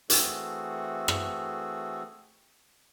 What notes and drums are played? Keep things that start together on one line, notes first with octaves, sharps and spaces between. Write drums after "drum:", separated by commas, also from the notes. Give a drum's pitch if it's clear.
E3 A3 C4 F#4 G#4 A4, drum: hi-hat
drum: rim click